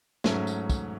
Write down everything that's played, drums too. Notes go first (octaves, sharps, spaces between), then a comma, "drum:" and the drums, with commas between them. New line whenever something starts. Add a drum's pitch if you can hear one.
G#2 F#3 A3 C#4, drum: snare
drum: tambourine
drum: kick, tambourine